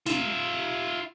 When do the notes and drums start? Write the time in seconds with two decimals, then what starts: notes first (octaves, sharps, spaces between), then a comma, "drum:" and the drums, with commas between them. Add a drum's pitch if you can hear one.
0.06 F4 E5, drum: snare